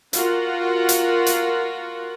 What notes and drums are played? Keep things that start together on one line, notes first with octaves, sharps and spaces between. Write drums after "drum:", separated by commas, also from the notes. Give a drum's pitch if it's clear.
F4 F#4 A#4 F#5, drum: hi-hat
drum: hi-hat
drum: hi-hat